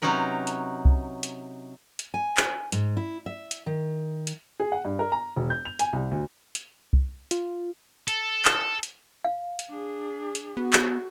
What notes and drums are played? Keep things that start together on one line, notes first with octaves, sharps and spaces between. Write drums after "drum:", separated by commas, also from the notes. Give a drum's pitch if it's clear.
C3 F#3 C#4 D#4 A#4 B4
drum: hi-hat
drum: kick C2
drum: hi-hat
drum: hi-hat
G#5
drum: clap
G#2, drum: hi-hat
E4
E5
drum: hi-hat
D#3
drum: hi-hat
G#4
F#5
G2
A#4
A#5
E1
G6
F7
G#5, drum: hi-hat
C2
D2
drum: hi-hat
drum: kick C2
F4, drum: hi-hat
A4, drum: hi-hat
drum: clap
drum: hi-hat
F5
drum: hi-hat
D4 G#4
drum: hi-hat
B3 F#4
drum: clap